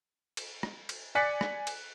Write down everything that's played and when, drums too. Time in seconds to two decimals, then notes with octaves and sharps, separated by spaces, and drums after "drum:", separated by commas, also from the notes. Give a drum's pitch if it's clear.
0.37 drum: cymbal
0.63 drum: rim click
0.89 drum: cymbal
1.15 D5 G#5 F#6 A6 B6 C#7
1.41 drum: rim click
1.67 drum: cymbal